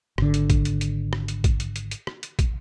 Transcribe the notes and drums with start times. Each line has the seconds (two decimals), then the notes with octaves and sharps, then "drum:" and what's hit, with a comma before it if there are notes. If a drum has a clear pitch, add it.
0.18 G#1 D3, drum: rim click
0.34 drum: hi-hat
0.50 drum: kick, hi-hat
0.65 drum: hi-hat
0.81 drum: hi-hat
1.13 drum: rim click
1.28 drum: hi-hat
1.44 drum: kick, hi-hat
1.60 drum: hi-hat
1.76 drum: hi-hat
1.91 drum: hi-hat
2.07 drum: rim click
2.23 drum: hi-hat
2.39 drum: kick, hi-hat